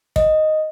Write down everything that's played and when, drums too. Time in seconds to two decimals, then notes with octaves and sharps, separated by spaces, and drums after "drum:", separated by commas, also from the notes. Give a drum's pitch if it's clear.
0.16 D#5, drum: kick